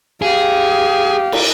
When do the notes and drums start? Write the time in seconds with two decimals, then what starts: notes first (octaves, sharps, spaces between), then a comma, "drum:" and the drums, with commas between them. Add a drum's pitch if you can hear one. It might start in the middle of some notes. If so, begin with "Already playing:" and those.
0.22 G4 G#4 F5
1.32 drum: cymbal